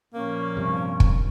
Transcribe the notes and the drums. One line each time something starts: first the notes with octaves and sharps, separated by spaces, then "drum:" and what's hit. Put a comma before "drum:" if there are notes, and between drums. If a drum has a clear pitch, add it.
A#2 F3 A#3 C#4
G2 C3
drum: kick